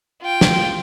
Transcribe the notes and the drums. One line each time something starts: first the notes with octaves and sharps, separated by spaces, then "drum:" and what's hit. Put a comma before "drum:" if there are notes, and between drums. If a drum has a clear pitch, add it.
F4 G5
drum: snare